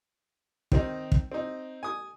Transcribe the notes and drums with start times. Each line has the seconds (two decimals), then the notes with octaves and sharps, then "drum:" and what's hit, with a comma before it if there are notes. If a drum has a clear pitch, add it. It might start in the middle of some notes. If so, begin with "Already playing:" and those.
0.72 D#3 C4 D#4, drum: kick
1.12 drum: kick
1.32 C4 D#4
1.83 G#5 D#6